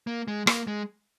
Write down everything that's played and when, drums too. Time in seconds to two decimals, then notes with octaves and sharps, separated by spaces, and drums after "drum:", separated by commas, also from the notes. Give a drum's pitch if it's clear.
0.07 A#3
0.28 G#3
0.47 A#3, drum: rim click
0.67 G#3